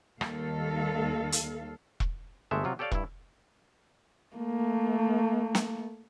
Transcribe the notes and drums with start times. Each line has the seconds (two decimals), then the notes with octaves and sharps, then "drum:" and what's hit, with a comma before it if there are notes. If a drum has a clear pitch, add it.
0.21 D#2 D#3 G3 A4 F5, drum: rim click
1.32 drum: hi-hat
2.00 drum: kick E1
2.51 G1 G#3 A3 E5
2.64 C3 F#3 F4
2.79 G4 A4 C#5 D5 F5 G5
2.91 G2 E4, drum: kick E1
4.36 A3 A#3
5.55 drum: snare